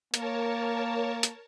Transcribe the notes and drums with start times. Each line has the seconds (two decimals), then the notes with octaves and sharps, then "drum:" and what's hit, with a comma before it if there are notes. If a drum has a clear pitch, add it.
0.14 A#3 A#4 C#5 A5, drum: hi-hat
1.23 drum: hi-hat